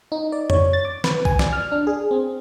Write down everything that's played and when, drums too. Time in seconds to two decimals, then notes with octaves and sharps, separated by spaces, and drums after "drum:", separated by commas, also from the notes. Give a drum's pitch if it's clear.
0.12 D#4
0.32 D5
0.50 C#5, drum: tom F2
0.73 A6
0.85 D6
1.04 B4, drum: snare
1.25 G#5, drum: kick B1
1.39 D5, drum: snare
1.53 F6
1.72 D4
1.87 G#4
2.11 C4